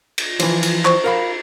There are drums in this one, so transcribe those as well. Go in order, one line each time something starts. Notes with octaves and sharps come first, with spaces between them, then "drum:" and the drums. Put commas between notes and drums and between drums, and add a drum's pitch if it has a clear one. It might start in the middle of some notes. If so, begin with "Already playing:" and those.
drum: cymbal
E3 F3, drum: cymbal
drum: cymbal
C5 C#6, drum: clap
A#4 F5 B5